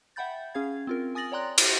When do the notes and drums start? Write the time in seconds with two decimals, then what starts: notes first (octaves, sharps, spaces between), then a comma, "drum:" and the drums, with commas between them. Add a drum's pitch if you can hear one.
0.16 E5 F#5 G5 B5 G6 A6
0.54 C#4 G#4 F5 G#6
0.87 C4 F4 A#4
1.15 G#5 D#6 A6 A#6 F#7
1.32 C#5 D5 G5 A#5 C6 F#6
1.58 E4, drum: cymbal